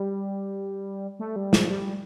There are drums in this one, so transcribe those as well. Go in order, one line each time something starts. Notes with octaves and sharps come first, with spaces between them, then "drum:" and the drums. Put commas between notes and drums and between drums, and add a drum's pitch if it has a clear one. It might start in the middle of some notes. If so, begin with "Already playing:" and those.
Already playing: G3
A3
G3
F3, drum: snare
G3